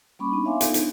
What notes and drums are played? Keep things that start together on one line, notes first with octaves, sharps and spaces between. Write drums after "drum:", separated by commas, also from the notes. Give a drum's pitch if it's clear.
G3 A#3 C#4 B5 C#6 D6
B3 D4 D#4
C#5 E5 F5 G#5 C6 D6
B3 C4 D4 D#4 F4 A4, drum: hi-hat
D4, drum: hi-hat